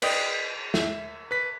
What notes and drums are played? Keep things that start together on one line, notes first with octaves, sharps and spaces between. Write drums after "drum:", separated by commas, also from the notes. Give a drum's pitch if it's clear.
B4 D5 D#5 G5 D#6, drum: cymbal
E5, drum: snare
B4 B6